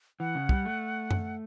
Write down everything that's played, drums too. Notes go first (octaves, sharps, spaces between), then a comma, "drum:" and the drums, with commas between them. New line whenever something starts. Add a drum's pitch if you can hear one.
E3 F#5
C#3
G3, drum: kick
A3
drum: tom F#2